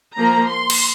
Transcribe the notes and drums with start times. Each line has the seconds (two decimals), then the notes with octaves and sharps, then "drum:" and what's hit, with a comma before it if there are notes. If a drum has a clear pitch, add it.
0.16 F3 A#3 A#5
0.48 C6
0.70 drum: cymbal